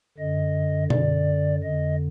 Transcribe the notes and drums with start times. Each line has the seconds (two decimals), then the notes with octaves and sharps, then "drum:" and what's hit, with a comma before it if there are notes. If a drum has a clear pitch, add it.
0.18 F#2 D3 D#5
0.90 F#2 D3 D5, drum: tom B2
1.63 F2 D3 D#5